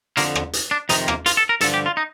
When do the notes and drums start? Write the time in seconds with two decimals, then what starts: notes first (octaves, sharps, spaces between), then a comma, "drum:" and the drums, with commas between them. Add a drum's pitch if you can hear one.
0.17 F2 D3 F3 A#3, drum: hi-hat
0.35 drum: rim click
0.53 drum: hi-hat
0.71 D4
0.89 F2 C3 D#3 D#4, drum: hi-hat
1.08 A#3, drum: rim click
1.26 F4, drum: hi-hat
1.37 A4
1.49 A#4
1.61 G2 D3 F3 A4, drum: hi-hat
1.74 G4
1.86 F4
1.97 D#4